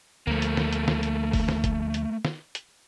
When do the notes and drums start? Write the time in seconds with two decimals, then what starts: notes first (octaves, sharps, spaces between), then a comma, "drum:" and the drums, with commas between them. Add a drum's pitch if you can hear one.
0.27 D2 F3 A3 A#3
0.42 drum: hi-hat
0.57 drum: snare
0.73 drum: hi-hat
0.88 drum: snare
1.03 drum: hi-hat
1.33 drum: kick F1, open hi-hat
1.49 drum: snare
1.64 drum: kick F1, hi-hat
1.94 drum: hi-hat
2.25 drum: snare
2.55 drum: hi-hat